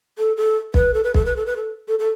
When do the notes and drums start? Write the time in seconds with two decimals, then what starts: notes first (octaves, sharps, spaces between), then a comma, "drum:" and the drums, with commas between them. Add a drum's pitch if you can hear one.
0.18 A4
0.37 A4
0.74 B4, drum: kick
0.94 A4
1.04 B4
1.14 A4, drum: kick
1.25 B4
1.36 A4
1.46 B4
1.56 A4
1.88 A4
1.99 A4